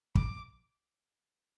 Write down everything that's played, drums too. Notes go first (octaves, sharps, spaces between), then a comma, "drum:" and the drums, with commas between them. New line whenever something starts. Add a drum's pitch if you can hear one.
D6, drum: kick